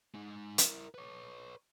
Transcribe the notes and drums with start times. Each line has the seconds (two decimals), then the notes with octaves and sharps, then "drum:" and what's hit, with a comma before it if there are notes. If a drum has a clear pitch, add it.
0.14 G#3 D#4
0.58 E4 A#4, drum: hi-hat
0.94 B4 C#5